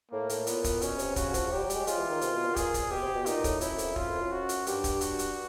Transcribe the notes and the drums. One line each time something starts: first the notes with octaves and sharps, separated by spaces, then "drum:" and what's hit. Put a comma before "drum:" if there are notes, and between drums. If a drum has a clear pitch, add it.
A2 A#3
A2, drum: hi-hat
A#2 B3, drum: hi-hat
drum: kick, hi-hat
B2 C#4, drum: hi-hat
C3, drum: hi-hat
C#3 F#4, drum: kick, hi-hat
F3, drum: kick, hi-hat
F#3 G4
G3
F#3
G3, drum: hi-hat
G#3
G#3 F4, drum: hi-hat
E3
D#3
C3, drum: hi-hat
B2
A#2
A#2 G#4, drum: kick, hi-hat
drum: kick, hi-hat
B2 G4
C3
B2
A#2 D#4, drum: hi-hat
A2, drum: kick, hi-hat
F#2 E4, drum: hi-hat
F2, drum: hi-hat
F#2 F4, drum: kick
F2
F#2
F#4
drum: hi-hat
G2 G4, drum: hi-hat
drum: kick, hi-hat
F#4, drum: hi-hat
drum: hi-hat